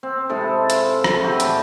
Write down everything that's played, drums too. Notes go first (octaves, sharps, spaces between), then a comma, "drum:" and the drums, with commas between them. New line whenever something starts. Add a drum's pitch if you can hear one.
C4
C3 G#3 E4 A4
F4 E5, drum: hi-hat
drum: rim click
F#4 G4 B4 E5
A2 D5 A5, drum: hi-hat